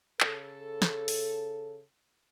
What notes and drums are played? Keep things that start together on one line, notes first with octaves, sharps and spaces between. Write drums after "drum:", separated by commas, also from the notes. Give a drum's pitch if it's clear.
C#3 A4, drum: clap
drum: snare
drum: open hi-hat